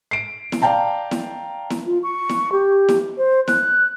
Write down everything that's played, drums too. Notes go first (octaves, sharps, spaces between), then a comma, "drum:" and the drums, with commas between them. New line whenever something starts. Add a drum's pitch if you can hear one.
C7 D7
drum: snare E4
D5 F5 G5 A5 A#5
drum: snare E4
drum: snare E4
F4
C#6
drum: snare E4
G4
drum: snare E4
C5
F#6, drum: snare E4